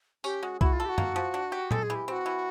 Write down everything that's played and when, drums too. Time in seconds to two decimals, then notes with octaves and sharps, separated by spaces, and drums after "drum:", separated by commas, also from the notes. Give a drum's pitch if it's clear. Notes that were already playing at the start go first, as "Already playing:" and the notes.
0.24 C#4 G4, drum: tambourine
0.43 G#3 F#4
0.61 E4 F#4, drum: kick C2
0.73 F4
0.80 A4
0.85 G4
0.89 F#4
0.98 A#3, drum: tom F#2
1.16 F3
1.34 D4
1.52 G4
1.71 G#3 A4, drum: tom A#2
1.83 G#4
1.90 E3
1.95 G4
2.07 C4 F#4 G4
2.26 E3